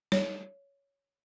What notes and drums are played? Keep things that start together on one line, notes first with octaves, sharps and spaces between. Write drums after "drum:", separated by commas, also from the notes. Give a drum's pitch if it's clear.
C#5, drum: snare